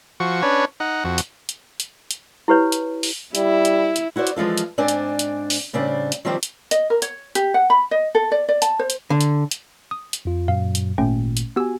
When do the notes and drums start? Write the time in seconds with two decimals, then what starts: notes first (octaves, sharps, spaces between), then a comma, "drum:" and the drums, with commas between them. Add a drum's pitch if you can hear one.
0.20 F3 F#4 C#6
0.42 C#4 D4 B4 C#5
0.80 D#4 F#5
1.04 F2 F#4
1.18 drum: hi-hat
1.49 drum: hi-hat
1.80 drum: hi-hat
2.11 drum: hi-hat
2.48 E4 G4 B4 C#5
2.72 drum: hi-hat
3.03 drum: open hi-hat
3.35 G3 E4, drum: hi-hat
3.65 drum: hi-hat
3.96 drum: hi-hat
4.16 E4 F#4 C5 D5
4.27 drum: hi-hat
4.36 E3 F3 G#3 F4 A4
4.58 drum: hi-hat
4.78 G#2 C4 D4 D5 G#5
4.88 drum: hi-hat
5.19 drum: hi-hat
5.50 drum: open hi-hat
5.73 A2 C#3 G3 C4 D4
6.12 drum: hi-hat
6.25 D#3 F3 G3 C4 G4 C5
6.43 drum: hi-hat
6.71 D#5, drum: hi-hat
6.90 A#4
7.02 C#5, drum: hi-hat
7.35 G4, drum: hi-hat
7.54 F#5
7.70 B5
7.91 D#5
8.15 A4
8.32 D5
8.49 D5
8.62 A5, drum: hi-hat
8.79 C5
8.90 drum: hi-hat
9.10 D3
9.21 drum: hi-hat
9.51 drum: hi-hat
9.91 D#6
10.13 drum: hi-hat
10.25 F2 F4
10.48 F#2 A#2 F#3 F5
10.75 drum: hi-hat
10.98 G#1 A#2 A3 C#4 G5
11.37 drum: hi-hat
11.56 B3 F#4 G4 G#5 E6